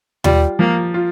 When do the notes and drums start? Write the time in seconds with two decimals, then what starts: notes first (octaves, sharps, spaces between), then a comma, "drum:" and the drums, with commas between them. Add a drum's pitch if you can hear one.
0.24 G3 F4, drum: tom D#2
0.59 F3 A#3
0.94 F4